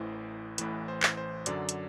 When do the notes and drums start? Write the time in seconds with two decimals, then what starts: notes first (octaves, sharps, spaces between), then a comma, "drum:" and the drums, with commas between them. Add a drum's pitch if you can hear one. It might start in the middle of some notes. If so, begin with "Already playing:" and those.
Already playing: A1 A2 E3 C5
0.58 A1 A2 E3 B4, drum: hi-hat
0.88 C5
1.03 drum: clap
1.17 C5
1.46 F#2 D3 F#3 D5, drum: hi-hat
1.69 drum: hi-hat